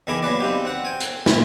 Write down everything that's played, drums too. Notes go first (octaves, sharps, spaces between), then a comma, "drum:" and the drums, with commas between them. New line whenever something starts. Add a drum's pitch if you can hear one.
E2 D#3 E4 G#4 D6
F#3 A#3 B4 D5
C4 D#4 G4
C4 F#5
G5 G#5
drum: hi-hat
A#2 F4 B5, drum: snare